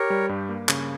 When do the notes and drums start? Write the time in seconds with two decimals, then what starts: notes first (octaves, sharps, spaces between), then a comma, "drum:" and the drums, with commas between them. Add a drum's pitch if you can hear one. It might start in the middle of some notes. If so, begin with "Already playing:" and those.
Already playing: G4 A#4 C#5
0.10 G3
0.29 G2
0.49 A#3
0.69 C#3, drum: clap